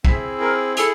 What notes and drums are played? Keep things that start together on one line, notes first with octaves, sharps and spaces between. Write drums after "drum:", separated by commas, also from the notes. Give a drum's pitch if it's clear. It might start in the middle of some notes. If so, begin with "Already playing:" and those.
C4 E4 G#4 E5, drum: kick
A#4
E4 G#4 A4, drum: hi-hat